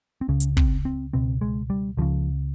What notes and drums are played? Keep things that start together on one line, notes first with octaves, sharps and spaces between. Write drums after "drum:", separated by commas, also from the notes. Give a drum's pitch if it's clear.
C4
C#2 C#3 C#4
drum: hi-hat
C4, drum: kick
C4
C#2 B2 C4
G#3
G3
C#2 C#3 F3